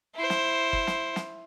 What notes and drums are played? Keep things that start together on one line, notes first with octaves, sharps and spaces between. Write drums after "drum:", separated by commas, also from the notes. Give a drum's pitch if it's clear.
E4 C5
drum: snare
drum: kick
drum: snare
drum: snare